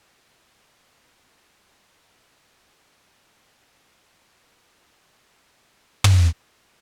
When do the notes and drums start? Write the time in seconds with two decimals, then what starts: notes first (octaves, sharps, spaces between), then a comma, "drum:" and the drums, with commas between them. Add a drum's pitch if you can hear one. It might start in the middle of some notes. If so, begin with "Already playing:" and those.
Already playing: G#2
0.84 C#3
1.08 D3
1.32 D3
1.47 E3
1.55 D#3
1.74 F#3
1.79 F3
2.02 G3
2.16 G3
2.26 G#3
2.50 G3
3.68 F#3
4.63 F3
6.04 drum: tom
6.51 E3